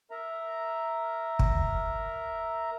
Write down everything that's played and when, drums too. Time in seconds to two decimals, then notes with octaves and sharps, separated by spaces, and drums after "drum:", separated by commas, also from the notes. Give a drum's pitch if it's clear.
0.11 A#4 E5 A#5
1.39 drum: kick